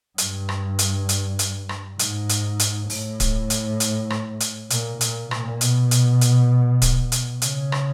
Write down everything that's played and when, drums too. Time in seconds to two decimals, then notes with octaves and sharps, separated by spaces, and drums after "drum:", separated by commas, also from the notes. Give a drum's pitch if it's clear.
0.18 G2, drum: hi-hat
0.49 drum: rim click
0.79 drum: hi-hat
1.09 drum: hi-hat
1.39 drum: hi-hat
1.69 drum: rim click
1.99 G#2, drum: hi-hat
2.30 drum: hi-hat
2.60 drum: hi-hat
2.90 A2, drum: open hi-hat
3.20 drum: kick D1, hi-hat
3.50 drum: hi-hat
3.80 drum: hi-hat
4.10 drum: rim click
4.41 drum: hi-hat
4.71 A#2, drum: hi-hat
5.01 A#2, drum: hi-hat
5.31 A#2, drum: rim click
5.61 B2, drum: hi-hat
5.91 drum: hi-hat
6.21 drum: hi-hat
6.82 drum: kick D1, hi-hat
7.12 drum: hi-hat
7.42 C#3, drum: hi-hat
7.72 drum: rim click